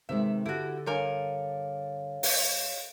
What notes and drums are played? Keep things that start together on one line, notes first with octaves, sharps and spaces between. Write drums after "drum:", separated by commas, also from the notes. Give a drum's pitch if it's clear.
C3 D#3 G#3 E5
D3 E4 F#4 G4
G2 A#4 C#5 F5 G#5
drum: open hi-hat